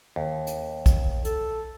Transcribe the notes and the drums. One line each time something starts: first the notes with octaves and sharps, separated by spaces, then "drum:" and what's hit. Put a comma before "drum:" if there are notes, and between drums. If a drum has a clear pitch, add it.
D#2
drum: hi-hat
drum: kick B1, hi-hat
A4, drum: hi-hat